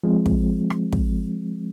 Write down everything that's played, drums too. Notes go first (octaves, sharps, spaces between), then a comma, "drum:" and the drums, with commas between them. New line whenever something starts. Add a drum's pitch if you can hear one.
F3 G#3 C4
drum: kick
drum: rim click
drum: kick